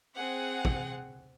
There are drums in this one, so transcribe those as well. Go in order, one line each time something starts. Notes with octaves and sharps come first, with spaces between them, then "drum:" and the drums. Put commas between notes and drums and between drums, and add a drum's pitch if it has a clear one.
C4 G#4 F#5
drum: kick